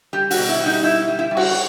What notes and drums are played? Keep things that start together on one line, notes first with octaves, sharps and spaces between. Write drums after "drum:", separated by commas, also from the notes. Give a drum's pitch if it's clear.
G3 G4
F#4, drum: open hi-hat
B2
E4
G3
D#4
B2 E4
G3
E4
G3
F#4, drum: cymbal